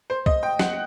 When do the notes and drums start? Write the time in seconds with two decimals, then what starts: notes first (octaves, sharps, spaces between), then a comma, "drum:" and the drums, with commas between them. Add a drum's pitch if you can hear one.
0.10 C5
0.26 D#5, drum: kick C2
0.43 G5
0.59 F#5, drum: snare